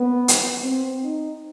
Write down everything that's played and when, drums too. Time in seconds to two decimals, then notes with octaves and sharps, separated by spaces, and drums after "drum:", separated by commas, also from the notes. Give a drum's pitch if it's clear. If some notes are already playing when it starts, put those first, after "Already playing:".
Already playing: B3
0.28 drum: hi-hat
0.63 C4
1.04 D#4